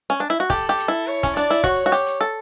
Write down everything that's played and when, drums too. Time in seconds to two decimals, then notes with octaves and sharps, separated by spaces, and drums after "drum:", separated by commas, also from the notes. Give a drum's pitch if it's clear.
0.10 C#4
0.20 D4
0.30 E4
0.40 F#4
0.50 G4 A4, drum: kick, open hi-hat
0.69 G4
0.78 drum: hi-hat
0.88 E4
1.07 C#5
1.23 C#4, drum: kick, hi-hat
1.35 D4 D5, drum: hi-hat
1.50 E4, drum: hi-hat
1.64 F#4 C#5, drum: kick, open hi-hat
1.86 F#4
1.92 G4, drum: hi-hat
2.06 drum: hi-hat
2.21 A4